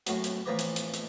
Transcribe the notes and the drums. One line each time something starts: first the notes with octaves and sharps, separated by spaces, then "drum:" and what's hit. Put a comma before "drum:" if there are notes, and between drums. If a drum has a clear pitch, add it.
F#2 A2 F#3, drum: hi-hat
drum: hi-hat
A2 E3 F3 B4 A#5 D6
drum: hi-hat
drum: hi-hat
drum: hi-hat